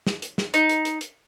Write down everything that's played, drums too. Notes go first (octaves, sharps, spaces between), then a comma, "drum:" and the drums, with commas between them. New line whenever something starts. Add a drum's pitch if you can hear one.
drum: snare
drum: hi-hat
drum: snare
D#4, drum: hi-hat
drum: hi-hat
drum: hi-hat
drum: hi-hat